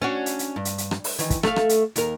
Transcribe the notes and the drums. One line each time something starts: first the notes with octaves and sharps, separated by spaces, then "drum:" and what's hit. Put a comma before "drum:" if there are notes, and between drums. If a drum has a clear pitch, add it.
C#4 D4 F#4
drum: hi-hat
drum: hi-hat
G2
drum: hi-hat
drum: hi-hat
drum: rim click
drum: open hi-hat
D#3 E3, drum: hi-hat
drum: kick, hi-hat
A3 F5, drum: rim click
drum: rim click
drum: hi-hat
D#2 A#4, drum: hi-hat